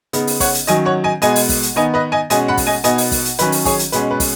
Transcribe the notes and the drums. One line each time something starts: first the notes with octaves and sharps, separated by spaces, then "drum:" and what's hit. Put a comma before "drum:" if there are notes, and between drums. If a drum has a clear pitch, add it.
C#3 B3 D#4, drum: hi-hat
drum: open hi-hat
C#5 F#5, drum: kick, open hi-hat
drum: hi-hat
D#3 F#3 C#4 D#5 G#5, drum: hi-hat
C#5 F#5
D#5 G#5
B2 G#3 B3 D#5 G#5, drum: hi-hat
drum: open hi-hat
drum: kick, open hi-hat
drum: hi-hat
D#3 B3 D#4 D#5 G#5
B4 D#5
D#5 G#5
B2 G#3 C#4 D#5 G#5, drum: hi-hat
F#5 B5
drum: kick, open hi-hat
D#5 G#5
B2 B3 D#4 D#5 G#5, drum: hi-hat
drum: open hi-hat
drum: kick, open hi-hat
drum: hi-hat
D#3 F#3 C#4 B4, drum: hi-hat
drum: open hi-hat
G#4 C#5, drum: kick, open hi-hat
drum: hi-hat
B2 G#3 C#4 B4, drum: hi-hat
B4
drum: kick, open hi-hat